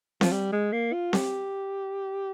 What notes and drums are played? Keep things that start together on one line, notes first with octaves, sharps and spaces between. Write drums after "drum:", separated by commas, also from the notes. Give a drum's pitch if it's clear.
F3, drum: snare C4
G3
G#3
A#3
F4
G4, drum: snare C4